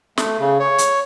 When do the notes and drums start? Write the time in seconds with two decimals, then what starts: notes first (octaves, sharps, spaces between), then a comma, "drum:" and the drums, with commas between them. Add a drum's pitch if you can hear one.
0.17 A3, drum: snare
0.40 C#3
0.60 C#5
0.78 drum: hi-hat